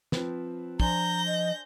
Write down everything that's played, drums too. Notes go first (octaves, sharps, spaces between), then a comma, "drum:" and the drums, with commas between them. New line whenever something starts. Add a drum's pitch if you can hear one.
F3 C4 B4, drum: snare
F3 D4 C5 G#5 A#5 G6 A#6, drum: kick
D#5